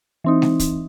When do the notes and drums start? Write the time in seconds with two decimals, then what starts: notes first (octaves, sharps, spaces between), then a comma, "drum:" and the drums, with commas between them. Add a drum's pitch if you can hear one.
0.24 E3 C4 D#4
0.42 drum: snare G#3
0.59 drum: kick, hi-hat